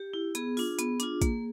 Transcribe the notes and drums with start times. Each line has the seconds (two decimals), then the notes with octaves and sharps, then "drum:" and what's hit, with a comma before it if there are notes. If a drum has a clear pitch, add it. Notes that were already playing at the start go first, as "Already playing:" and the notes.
Already playing: G4
0.14 E4
0.35 B3 G#4, drum: hi-hat
0.57 D4 F4, drum: open hi-hat
0.79 B3, drum: hi-hat
1.00 D4 F4, drum: hi-hat
1.22 A#3, drum: kick, hi-hat